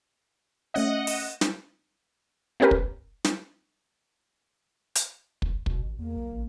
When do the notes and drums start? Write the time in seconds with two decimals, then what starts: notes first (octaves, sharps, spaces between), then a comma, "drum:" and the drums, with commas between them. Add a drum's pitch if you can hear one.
0.74 A3 C#4 D#5 E5 F#5
1.07 drum: open hi-hat
1.41 drum: snare
2.60 A3 B3 C#4 G4 A#4 B4
2.71 drum: kick
3.24 drum: snare
4.95 drum: hi-hat
5.42 drum: kick
5.66 B2, drum: kick
5.83 G#1
5.99 E2 A#3
6.17 B1
6.32 A1